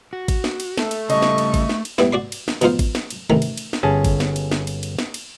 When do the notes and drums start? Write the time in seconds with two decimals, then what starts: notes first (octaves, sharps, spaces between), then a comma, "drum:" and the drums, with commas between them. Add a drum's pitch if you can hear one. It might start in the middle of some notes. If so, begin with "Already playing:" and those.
0.13 F#4
0.28 drum: kick G#1, cymbal
0.44 drum: snare
0.60 drum: cymbal
0.78 A3, drum: snare
0.91 drum: cymbal
1.10 C#3 G3 D#5 C#6, drum: cymbal
1.22 drum: snare
1.38 drum: cymbal
1.54 drum: kick G#1, cymbal
1.69 drum: snare
1.85 drum: cymbal
1.98 G3 B3 E4, drum: snare
2.13 F#4 D5 C6
2.32 drum: cymbal
2.48 drum: snare
2.61 B2 F3 D#4 F4 C5, drum: cymbal
2.79 drum: kick G#1, cymbal
2.95 drum: snare
3.10 drum: cymbal
3.30 A1 C3 D#3 A#5
3.42 drum: cymbal
3.57 drum: cymbal
3.73 drum: snare
3.83 G1 C#4 G#4 A5
4.04 drum: kick G#1, cymbal
4.20 drum: snare
4.36 drum: cymbal
4.52 drum: snare
4.67 drum: cymbal
4.83 drum: cymbal
4.99 drum: snare
5.14 drum: cymbal